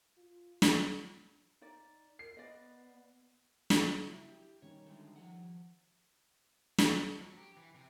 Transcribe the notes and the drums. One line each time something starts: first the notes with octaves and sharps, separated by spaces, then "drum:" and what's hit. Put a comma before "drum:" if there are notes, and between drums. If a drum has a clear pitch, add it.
F4
drum: snare
D#4 D5
A#4 C7
B3 D5 D#5
drum: snare
C#3 F#3 F4
E4
G4
D#3 G3 C#4 C#5
D3 G#3 A3
F3 F#5
drum: snare
D#2 A4
F#3
G4
E3
C3